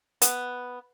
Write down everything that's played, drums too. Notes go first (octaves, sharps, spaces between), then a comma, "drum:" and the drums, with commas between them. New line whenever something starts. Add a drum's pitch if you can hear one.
B3, drum: hi-hat